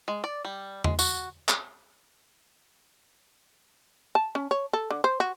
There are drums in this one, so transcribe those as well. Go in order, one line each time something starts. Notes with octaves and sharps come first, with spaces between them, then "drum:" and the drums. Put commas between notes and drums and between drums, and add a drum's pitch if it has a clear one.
G#3
D5
G3
G#3, drum: tom E2
F#4, drum: tambourine
drum: clap
A5
C#4
C#5
A4
D3
C5
F#4